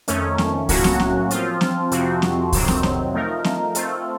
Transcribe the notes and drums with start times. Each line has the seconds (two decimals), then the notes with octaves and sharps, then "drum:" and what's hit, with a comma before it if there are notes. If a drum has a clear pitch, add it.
0.08 F2 D#3 A3 C#4, drum: hi-hat
0.38 drum: snare
0.69 A2 F#3 A#3 C#4 F#4, drum: kick C2, open hi-hat
0.84 drum: snare
1.00 drum: snare
1.31 F3 C4 F4, drum: hi-hat
1.61 drum: snare
1.92 F2 C3 F3 C4 F#4, drum: hi-hat
2.22 drum: snare
2.52 F2 C3 D#3 F#3 C4, drum: kick C2, open hi-hat
2.68 drum: snare
2.83 drum: snare
3.14 F3 A3 D#4 A#4
3.44 drum: snare
3.75 A3 C4 F4 A4, drum: hi-hat